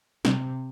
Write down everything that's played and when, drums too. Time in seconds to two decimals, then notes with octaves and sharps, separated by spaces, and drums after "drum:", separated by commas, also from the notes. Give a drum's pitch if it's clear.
0.25 C3, drum: snare